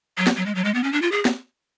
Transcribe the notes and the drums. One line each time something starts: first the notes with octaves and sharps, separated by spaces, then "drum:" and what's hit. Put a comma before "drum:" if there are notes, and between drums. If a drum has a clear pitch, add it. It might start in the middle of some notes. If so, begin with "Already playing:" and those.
F#3
drum: snare
F#3
G#3
F#3
G#3
B3
C#4
D4
F4
G#4
drum: snare